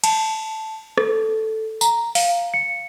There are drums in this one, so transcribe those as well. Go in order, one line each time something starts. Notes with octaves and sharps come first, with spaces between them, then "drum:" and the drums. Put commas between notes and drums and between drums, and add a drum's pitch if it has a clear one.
A5, drum: cymbal
A4, drum: rim click
A#5, drum: tambourine
F5, drum: open hi-hat
C#7